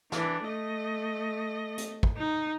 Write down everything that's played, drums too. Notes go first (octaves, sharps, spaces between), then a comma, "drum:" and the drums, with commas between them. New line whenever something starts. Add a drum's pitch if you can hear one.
E3 D4, drum: snare
A3 D#5
drum: hi-hat
drum: kick
D#4